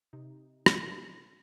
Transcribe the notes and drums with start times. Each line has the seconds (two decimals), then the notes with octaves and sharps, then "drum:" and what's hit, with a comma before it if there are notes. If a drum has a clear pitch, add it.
0.13 C3 D#4
0.66 drum: rim click